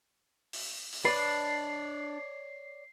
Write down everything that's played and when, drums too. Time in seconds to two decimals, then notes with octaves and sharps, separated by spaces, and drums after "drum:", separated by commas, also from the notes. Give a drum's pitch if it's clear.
0.53 drum: open hi-hat
0.92 drum: open hi-hat
1.05 D4 B4 C#5 D5 C7